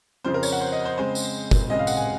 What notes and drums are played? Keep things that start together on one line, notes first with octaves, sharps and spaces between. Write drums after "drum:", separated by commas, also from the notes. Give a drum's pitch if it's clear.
F2 C#3 F3 C4 C5
A#4
C#5, drum: tambourine
F#5
C5
D#5
C5
C#3 G#3 C4 C5
drum: tambourine
drum: kick, tambourine
C#3 G#3 C4 D#5
F5
F#5, drum: tambourine
G#5